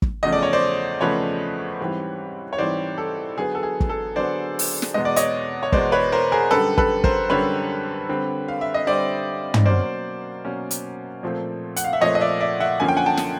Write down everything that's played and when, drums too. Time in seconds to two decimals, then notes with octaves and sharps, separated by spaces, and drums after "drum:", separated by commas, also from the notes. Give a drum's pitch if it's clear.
0.02 drum: kick
0.23 E2 C#3 F3 A3 C#4 D#5
0.32 D5
0.43 C#5
0.53 C5 D5
1.01 E2 C#3 F3 A3 C#4 B4 C#5
1.80 G#2 E3 G3 C4
2.53 C#5
2.58 G#2 E3 G3 C4 C5 D5
2.98 A4
3.37 D3 F#3 B3 G#4
3.55 A4
3.63 G#4
3.80 drum: kick
3.89 A4
4.16 D3 F#3 B3 C5 D5
4.59 drum: open hi-hat
4.82 drum: snare
4.94 E2 B2 G#3 B3 D#5
5.05 D5
5.16 C#5 D#5, drum: hi-hat
5.63 C#5
5.72 E2 B2 G#3 B3 C5 D5, drum: kick
5.92 B4 C#5
6.12 A#4 C5
6.32 G#4 A#4
6.51 F#2 D3 G3 A4 B4
6.78 A4 B4, drum: kick
7.04 A#4 C5, drum: kick
7.30 F#2 D3 G3 B4 C#5
8.09 D3 G3 C4
8.48 F5
8.61 E5
8.74 D#5
8.87 D3 G3 C4 C5 D5
9.54 drum: tom
9.65 B2 F#3 A#3 C#4 C5 D5
10.45 B2 F#3 A#3 C#4
10.71 drum: hi-hat
11.23 A#2 F3 A3 C4
11.76 F#5, drum: hi-hat
11.84 F5
11.93 E5
12.01 A#2 F3 A3 C4 C#5 D#5
12.15 D#5
12.21 D5 E5
12.40 D5 E5
12.60 E5 F#5
12.80 F#2 D3 F3 A#3 C#4 G#5
12.89 G5
12.97 F#5 G#5
13.06 G5 A5
13.17 drum: snare